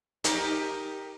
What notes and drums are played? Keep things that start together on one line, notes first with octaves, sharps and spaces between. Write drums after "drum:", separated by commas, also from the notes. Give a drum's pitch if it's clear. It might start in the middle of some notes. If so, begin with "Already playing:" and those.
D#4 G4 A#4, drum: hi-hat